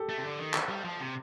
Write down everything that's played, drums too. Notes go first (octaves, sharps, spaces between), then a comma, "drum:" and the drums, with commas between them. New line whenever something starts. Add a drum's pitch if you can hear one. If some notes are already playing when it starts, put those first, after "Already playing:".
Already playing: G4 A4
A3
C3
D3
D#3
drum: clap
G3
F3
C3